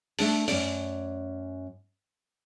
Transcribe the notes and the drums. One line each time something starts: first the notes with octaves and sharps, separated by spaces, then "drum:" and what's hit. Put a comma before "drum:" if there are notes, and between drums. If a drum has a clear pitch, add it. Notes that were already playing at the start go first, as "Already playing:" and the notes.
A3 D4 A4, drum: open hi-hat
F#2 C#4 D5, drum: open hi-hat